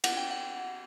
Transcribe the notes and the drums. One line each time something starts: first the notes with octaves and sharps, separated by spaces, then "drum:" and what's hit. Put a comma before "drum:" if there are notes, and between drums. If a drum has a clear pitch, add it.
F#5, drum: cymbal
G5
F#5